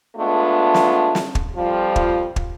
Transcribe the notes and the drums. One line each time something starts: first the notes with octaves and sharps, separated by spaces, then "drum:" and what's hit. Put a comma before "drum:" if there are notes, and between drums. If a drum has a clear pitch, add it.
G#3 A3 B3 D4 F4
drum: snare
drum: snare
drum: kick
F2 F3 G3 F4
drum: kick
drum: kick